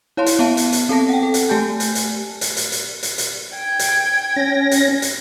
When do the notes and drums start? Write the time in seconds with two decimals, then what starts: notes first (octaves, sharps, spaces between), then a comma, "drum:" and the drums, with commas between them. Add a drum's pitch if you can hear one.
0.17 E4 C#5 F5 A5 C6
0.26 drum: hi-hat
0.39 B3 F5 A5 D#7
0.57 drum: hi-hat
0.72 drum: hi-hat
0.89 C4 A4 A5 A#6
1.09 F#5 G5
1.23 A4
1.34 drum: hi-hat
1.49 A3 G4 G#5 A5 G6
1.80 drum: hi-hat
1.95 drum: hi-hat
2.41 drum: hi-hat
2.57 drum: hi-hat
2.72 drum: hi-hat
3.03 drum: hi-hat
3.18 drum: hi-hat
3.55 G5 G#6
3.79 drum: hi-hat
4.36 C#4 A#6
4.71 drum: hi-hat
5.02 drum: hi-hat